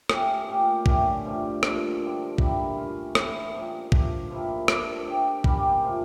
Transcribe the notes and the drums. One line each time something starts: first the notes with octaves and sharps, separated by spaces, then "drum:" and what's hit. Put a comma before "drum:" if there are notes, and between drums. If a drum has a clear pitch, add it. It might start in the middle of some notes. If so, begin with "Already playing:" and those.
A3 C#4 G4, drum: rim click
A#2 A3 C#4 G4
D3 A3 C#4 G4, drum: kick
G2 F3 A3
A#2 F3 A3, drum: rim click
G2 D3 F3
D3 G3 A#3 E4, drum: kick
A3 C#4 F4
A2 E3 A3, drum: rim click
G2 F3 A#3
A3 D4 F4 A4, drum: kick
G2 F3 A#3 E4
F3 A3 D4, drum: rim click
A3 D4 G4 C#5
G3 A#3 C#4 G4, drum: kick
F3 A3 D4 F4